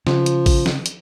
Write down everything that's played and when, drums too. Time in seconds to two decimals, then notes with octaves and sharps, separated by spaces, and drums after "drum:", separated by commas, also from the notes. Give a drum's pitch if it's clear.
0.07 C#3 F3, drum: snare
0.26 drum: hi-hat
0.46 drum: kick A1, open hi-hat
0.66 drum: snare
0.86 drum: hi-hat